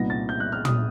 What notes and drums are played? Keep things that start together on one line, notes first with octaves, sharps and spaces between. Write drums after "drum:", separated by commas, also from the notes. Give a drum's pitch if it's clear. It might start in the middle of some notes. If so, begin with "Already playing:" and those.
Already playing: C2 A#2 G3 B3 D#4 A#6
A6
G6
F#6
F6
D#6, drum: tom